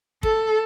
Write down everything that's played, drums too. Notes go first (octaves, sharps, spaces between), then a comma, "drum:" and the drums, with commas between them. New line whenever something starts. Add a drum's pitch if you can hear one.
A4, drum: kick